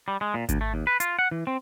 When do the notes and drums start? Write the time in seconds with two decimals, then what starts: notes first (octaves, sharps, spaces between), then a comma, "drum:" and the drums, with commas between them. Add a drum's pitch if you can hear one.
0.08 G3
0.21 G#3
0.34 A#2
0.49 D2, drum: kick G#1, hi-hat
0.61 A3
0.74 D#2
0.87 B4
1.00 F4, drum: hi-hat
1.19 F#5
1.31 E3
1.47 C4